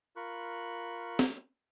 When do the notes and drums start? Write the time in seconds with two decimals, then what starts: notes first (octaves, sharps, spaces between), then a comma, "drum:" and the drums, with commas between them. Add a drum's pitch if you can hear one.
0.16 F4 A#4 B5 C#6 F#6
1.19 drum: snare